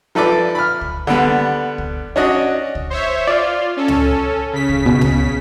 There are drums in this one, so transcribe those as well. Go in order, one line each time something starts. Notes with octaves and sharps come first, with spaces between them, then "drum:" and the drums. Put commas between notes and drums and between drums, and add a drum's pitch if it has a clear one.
F3 A4 B4 D5 D6
B5 F6
drum: kick C#2
D3 G3 B3
drum: kick C#2
C#4 D4 F#4 D#5
drum: kick C#2
C5 C#5 E5
F4 D5
C#4 A4
drum: tom C#2
C#3 B6
drum: kick C#2
B2
drum: tom C#2